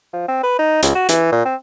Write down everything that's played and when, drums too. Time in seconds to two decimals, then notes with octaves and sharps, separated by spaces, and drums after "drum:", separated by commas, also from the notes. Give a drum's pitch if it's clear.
0.13 F3
0.28 C4
0.43 B4
0.59 D#4
0.83 C#2, drum: hi-hat
0.95 F#4
1.09 E3, drum: hi-hat
1.32 A#2
1.45 C4